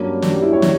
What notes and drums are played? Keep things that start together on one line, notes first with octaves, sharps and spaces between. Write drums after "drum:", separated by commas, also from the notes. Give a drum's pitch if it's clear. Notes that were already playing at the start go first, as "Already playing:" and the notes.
Already playing: G2 F#3 A#3 C#4
D4, drum: snare
G4
E4
C#5
G3, drum: snare